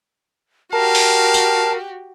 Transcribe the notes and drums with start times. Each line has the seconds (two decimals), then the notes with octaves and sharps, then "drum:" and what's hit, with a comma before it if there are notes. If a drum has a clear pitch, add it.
0.73 F#4 G4 A#4 F5 A5
0.95 drum: open hi-hat
1.34 drum: tambourine